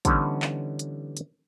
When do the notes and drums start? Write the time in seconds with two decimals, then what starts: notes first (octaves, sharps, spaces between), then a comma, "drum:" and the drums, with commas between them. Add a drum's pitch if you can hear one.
0.05 D3 E3 G3 B3 C#4 D#4, drum: kick, hi-hat
0.42 drum: clap
0.79 drum: hi-hat
1.17 drum: hi-hat